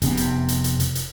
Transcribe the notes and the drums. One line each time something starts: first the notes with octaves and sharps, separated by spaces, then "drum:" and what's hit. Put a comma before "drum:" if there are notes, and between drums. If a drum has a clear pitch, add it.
F1 C3 B3, drum: hi-hat
drum: hi-hat
drum: hi-hat
drum: hi-hat
drum: hi-hat
drum: hi-hat